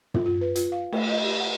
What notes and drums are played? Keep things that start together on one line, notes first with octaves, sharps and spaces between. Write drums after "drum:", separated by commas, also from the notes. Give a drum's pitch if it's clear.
F4, drum: tom
F4
B4
F4, drum: hi-hat
F5
A3, drum: cymbal
D#5
G4
F#5